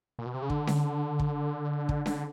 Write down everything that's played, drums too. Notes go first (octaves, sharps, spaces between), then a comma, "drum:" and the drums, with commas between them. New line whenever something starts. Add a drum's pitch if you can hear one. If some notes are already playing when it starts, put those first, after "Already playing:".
A#2
B2
C3
C#3
D3, drum: kick
drum: snare C#4
drum: kick
drum: kick
D3, drum: snare C#4